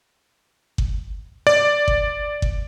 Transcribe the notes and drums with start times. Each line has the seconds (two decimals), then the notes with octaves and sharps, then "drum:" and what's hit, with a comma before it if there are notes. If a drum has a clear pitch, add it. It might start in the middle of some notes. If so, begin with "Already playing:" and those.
0.78 drum: kick G1
1.47 D5
1.88 drum: kick G1
2.42 drum: kick G1